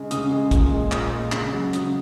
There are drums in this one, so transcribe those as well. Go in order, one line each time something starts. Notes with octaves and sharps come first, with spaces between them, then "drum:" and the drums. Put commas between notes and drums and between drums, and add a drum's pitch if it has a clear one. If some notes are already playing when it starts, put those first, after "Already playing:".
Already playing: C#3 G#3
C#3 D#6, drum: hi-hat
G#3
A#2, drum: kick, hi-hat
G#3
A#2 D#6, drum: clap
G#3
C#3, drum: clap
F#3
C#3 D#6, drum: hi-hat